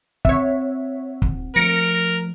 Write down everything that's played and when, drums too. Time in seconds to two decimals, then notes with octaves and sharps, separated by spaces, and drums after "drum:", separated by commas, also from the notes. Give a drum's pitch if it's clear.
0.25 C4 C#5 E5, drum: kick
1.22 D#1, drum: kick
1.56 F3 A3 A#4 A#6 C#7 D7